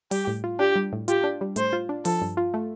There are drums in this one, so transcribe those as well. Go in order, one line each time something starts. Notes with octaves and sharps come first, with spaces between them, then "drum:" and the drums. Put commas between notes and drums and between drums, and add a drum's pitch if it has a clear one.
G3 G4, drum: open hi-hat
A2
F4
D4 G4
G3
A2
F4 G4, drum: hi-hat
D4
G3
A2 C5, drum: hi-hat
F4
D4
F3 A4, drum: open hi-hat
G2
F4
A3